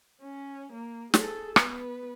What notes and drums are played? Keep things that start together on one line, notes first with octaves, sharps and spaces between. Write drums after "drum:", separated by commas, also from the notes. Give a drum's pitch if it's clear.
C#4
A#3
G#4 A4, drum: snare
B3 B4, drum: rim click